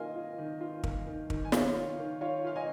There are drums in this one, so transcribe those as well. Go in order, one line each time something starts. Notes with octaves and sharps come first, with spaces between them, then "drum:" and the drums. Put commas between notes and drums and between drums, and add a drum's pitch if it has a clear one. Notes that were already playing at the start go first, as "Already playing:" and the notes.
Already playing: D#3 A#3 F4 D#5 G#5
F4
D#3
F4
A#3, drum: kick
D#3
D#3, drum: kick
G#5
D#3 C#5 F5, drum: snare
F4
D#3
F4 C#5 F5
F4 F5
D#5 G#5